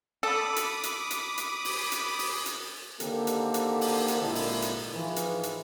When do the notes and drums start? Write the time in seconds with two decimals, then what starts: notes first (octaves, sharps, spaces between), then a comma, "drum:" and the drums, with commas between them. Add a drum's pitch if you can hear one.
0.23 A4 B5 D6 D#6
0.56 drum: hi-hat
0.83 drum: hi-hat
1.11 drum: hi-hat
1.38 drum: hi-hat
1.65 drum: open hi-hat
1.92 drum: hi-hat
2.19 drum: open hi-hat
2.46 drum: hi-hat
3.00 D3 D#3 A#3 C4 G4 A4, drum: hi-hat
3.27 drum: hi-hat
3.54 drum: hi-hat
3.81 drum: open hi-hat
4.08 drum: hi-hat
4.22 G#1 A#2 D3 G#3 E4
4.35 drum: open hi-hat
4.62 drum: hi-hat
4.94 G#2 E3 F3
5.16 drum: hi-hat
5.43 drum: hi-hat